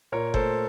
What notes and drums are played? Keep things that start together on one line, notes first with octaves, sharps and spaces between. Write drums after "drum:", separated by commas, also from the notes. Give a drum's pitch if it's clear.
A#2 A#4 C#5
A3 A4 C5, drum: kick F#1